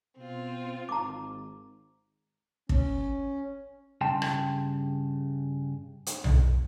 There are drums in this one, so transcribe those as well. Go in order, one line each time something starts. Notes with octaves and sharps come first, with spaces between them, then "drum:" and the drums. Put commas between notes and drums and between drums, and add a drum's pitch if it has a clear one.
B2 C4 F4
G#1 A#5 D6
C#4, drum: kick
G2 C#3 G5 A5 C6
drum: rim click
drum: hi-hat
drum: tom B1